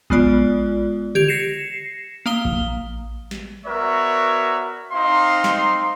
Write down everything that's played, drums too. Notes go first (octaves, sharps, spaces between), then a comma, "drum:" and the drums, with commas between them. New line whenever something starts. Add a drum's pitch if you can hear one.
G#3 B3 F4 D5, drum: kick A#1
G4 G#6 F7, drum: tom C#3
A#6 C7 C#7 E7
A#3 F5 D#6 G7
drum: kick A#1
drum: snare
B3 F#4 A#4 C#5 D5 E5
C4 D#4 F5 C6
drum: snare